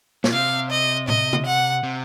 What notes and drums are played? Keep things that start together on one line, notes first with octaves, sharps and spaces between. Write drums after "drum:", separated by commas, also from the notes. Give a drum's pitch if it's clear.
A#2, drum: snare
C3 F5
D#5
D#5, drum: tom A2
drum: tom C#3
F#5
C3